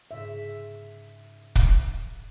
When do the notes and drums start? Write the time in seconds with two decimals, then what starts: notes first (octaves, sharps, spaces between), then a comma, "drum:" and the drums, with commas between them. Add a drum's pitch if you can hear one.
0.11 G#2 C#3 E5
1.55 drum: kick